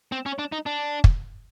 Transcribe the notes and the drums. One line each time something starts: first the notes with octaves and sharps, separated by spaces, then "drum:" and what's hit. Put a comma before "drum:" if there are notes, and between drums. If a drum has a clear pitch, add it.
C4
C#4
D4
D#4
D4
drum: kick